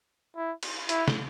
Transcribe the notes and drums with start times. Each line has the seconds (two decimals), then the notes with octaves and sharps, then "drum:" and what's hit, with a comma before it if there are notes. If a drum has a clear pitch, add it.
0.36 E4
0.63 drum: cymbal
0.89 E4, drum: hi-hat
1.08 drum: snare